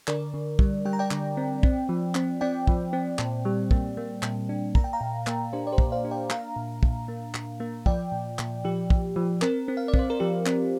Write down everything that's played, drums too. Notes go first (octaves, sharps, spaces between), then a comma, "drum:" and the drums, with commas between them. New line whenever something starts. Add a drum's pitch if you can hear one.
D3 A#4 D5, drum: clap
D3
G3, drum: kick
G3 G5
A#5
D5 G5
D3, drum: clap
C4
C4, drum: kick
F3
C4, drum: clap
C4 D5 G5
F3, drum: kick
C4
A#2, drum: clap
G3
A#3, drum: kick
A#3
A#2, drum: clap
D4
A#3 A#5, drum: kick
G5
F5 A#5
A#2
A#3, drum: clap
D4 G4 C5
D5
G4 C5
A#2, drum: kick
C5 F5
D4
D5 G5
A#3 F5 A#5, drum: clap
A#2
A#2, drum: kick
A#3
A#2, drum: clap
A#3
F3 D5 G5, drum: kick
A#2
A#2, drum: clap
F3 G4
F3, drum: kick
F3
C4 A#4, drum: clap
C4
F5
D5
C4, drum: kick
C5
A#4
F3 G4
C4, drum: clap